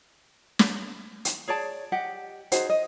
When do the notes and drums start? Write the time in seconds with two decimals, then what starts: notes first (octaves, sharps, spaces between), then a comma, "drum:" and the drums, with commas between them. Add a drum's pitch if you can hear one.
0.59 drum: snare
1.25 drum: hi-hat
1.48 G#4 C#5 D5 A5
1.92 G4 D#5 F#5
2.52 D#4 F#4 G#4 C5, drum: hi-hat
2.70 D#5